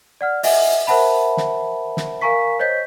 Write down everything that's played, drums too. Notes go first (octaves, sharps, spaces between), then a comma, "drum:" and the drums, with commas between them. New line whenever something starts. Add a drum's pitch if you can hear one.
D5 F#5 F6
D#5 E5 F#5 G#5, drum: open hi-hat
A#4 C5 E5 F#5 A5 B5
drum: snare
drum: snare
A#4 F5 G#5 A#5 C#6 B6
C5 C#5 D#5 G6 B6